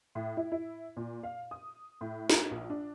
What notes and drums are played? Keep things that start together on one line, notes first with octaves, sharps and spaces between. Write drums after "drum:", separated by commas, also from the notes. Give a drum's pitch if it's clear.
A2
E4
E4
A#2
F5
D#6
A2
F4, drum: snare
A#1
D4